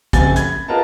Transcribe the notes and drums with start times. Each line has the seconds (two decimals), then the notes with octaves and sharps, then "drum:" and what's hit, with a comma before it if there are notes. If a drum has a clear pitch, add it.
0.13 F#1 F2 G#5 A6, drum: kick, hi-hat
0.36 B5 G#6, drum: hi-hat
0.68 F4 G#4 A#4 B4 D#5 A5